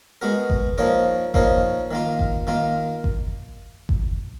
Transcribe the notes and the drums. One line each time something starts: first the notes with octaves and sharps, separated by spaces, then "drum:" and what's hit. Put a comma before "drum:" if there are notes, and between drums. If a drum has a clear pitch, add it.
G#3 B3 F#4 A#4
drum: kick G1
F3 A#3 D#4 A#4 C#5
F3 A#3 D#4 A#4 C#5, drum: kick G1
D#3 A#3 F4
drum: kick G1
D#3 A#3 F4
drum: kick G1
drum: kick G1